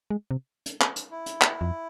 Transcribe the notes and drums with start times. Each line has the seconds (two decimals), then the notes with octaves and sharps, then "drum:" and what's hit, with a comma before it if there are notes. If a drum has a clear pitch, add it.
0.11 G#3
0.31 C3
0.66 drum: hi-hat
0.81 drum: clap
0.96 drum: hi-hat
1.11 E4
1.26 drum: hi-hat
1.41 drum: clap
1.61 F2